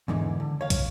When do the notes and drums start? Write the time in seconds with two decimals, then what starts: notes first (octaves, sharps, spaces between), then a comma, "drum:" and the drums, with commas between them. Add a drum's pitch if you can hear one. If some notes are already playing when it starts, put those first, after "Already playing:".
0.08 E2 G#2 D3 E3
0.40 D3
0.61 C#5 F5
0.70 drum: kick, hi-hat